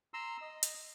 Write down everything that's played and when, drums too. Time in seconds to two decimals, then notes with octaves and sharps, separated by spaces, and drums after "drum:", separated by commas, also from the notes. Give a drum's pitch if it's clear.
0.14 A#5 C6 E6
0.41 D#5
0.63 drum: hi-hat